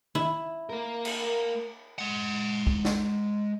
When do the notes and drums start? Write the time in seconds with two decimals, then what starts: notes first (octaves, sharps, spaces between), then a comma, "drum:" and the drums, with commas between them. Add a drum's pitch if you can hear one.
0.15 E4, drum: tom D#3
0.70 A#3 A#4
1.05 drum: cymbal
1.99 G#3 F#5
2.67 drum: kick
2.85 drum: snare